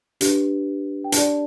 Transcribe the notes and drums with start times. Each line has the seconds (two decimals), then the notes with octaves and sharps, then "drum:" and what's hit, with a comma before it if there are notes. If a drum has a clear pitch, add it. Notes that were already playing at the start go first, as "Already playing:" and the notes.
0.21 D4 G4 B4, drum: hi-hat
1.04 G5
1.12 D4 G4 D5 A5, drum: hi-hat